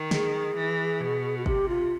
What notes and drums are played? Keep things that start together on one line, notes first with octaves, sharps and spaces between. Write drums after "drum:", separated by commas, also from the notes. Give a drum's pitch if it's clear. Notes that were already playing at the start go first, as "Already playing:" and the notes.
Already playing: D#3
G#4, drum: snare
E3
B2
F#4
C3 G4, drum: kick
F4